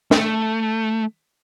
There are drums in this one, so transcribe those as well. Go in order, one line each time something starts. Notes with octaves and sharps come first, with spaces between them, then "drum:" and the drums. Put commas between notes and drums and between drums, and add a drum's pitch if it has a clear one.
A3, drum: snare